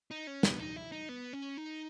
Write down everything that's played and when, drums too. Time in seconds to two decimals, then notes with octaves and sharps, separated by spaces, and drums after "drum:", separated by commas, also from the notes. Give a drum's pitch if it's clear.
0.11 D#4
0.27 C#4
0.43 B3, drum: snare
0.59 D#4
0.76 E4
0.92 D#4
1.09 B3
1.33 C#4
1.57 D#4